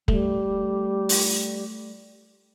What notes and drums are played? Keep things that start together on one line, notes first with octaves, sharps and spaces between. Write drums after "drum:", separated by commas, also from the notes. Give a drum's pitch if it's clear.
G3 A3, drum: kick
drum: open hi-hat